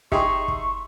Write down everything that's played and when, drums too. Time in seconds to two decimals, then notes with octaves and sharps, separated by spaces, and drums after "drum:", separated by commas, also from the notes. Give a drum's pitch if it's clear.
0.12 D#4 G4 G#4 E5 C6 C#6, drum: kick
0.48 drum: kick